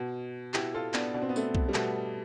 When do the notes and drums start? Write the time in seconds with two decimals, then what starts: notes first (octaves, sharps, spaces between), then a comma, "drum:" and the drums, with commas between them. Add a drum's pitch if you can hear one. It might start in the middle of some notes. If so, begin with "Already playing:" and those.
Already playing: B2
0.54 B2 E4 G4, drum: clap
0.74 F4 A4
0.94 B3 D4, drum: clap
1.14 B2 D4
1.22 C4
1.29 B3
1.36 A3 C4, drum: tambourine
1.55 drum: kick B1
1.69 G3
1.74 B2 A3, drum: clap